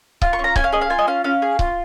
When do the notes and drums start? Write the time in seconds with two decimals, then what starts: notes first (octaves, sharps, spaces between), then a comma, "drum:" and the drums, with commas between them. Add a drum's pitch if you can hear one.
0.22 F4, drum: kick C#1
0.33 C#6
0.39 C#4
0.44 A#5
0.56 C#4 G#5, drum: kick C#1
0.64 F5
0.73 G#4 D#5
0.81 F5
0.90 F4 G#5
0.99 D#5
1.07 C#4 F5
1.24 C#4 F5
1.42 G#4
1.59 F4, drum: kick C#1